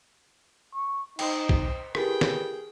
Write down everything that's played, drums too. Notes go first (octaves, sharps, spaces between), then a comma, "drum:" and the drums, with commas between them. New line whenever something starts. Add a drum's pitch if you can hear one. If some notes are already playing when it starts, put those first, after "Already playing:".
C#6
D#4 C5 D#5 G5, drum: cymbal
drum: kick B1
E4 G4 G#4 A#4 B4 G5, drum: rim click
drum: snare